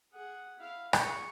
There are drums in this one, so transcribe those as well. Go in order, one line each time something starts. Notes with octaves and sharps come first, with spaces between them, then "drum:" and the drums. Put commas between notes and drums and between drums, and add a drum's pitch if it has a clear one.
G#4 F#5
E4 F5
G#4 C#6, drum: rim click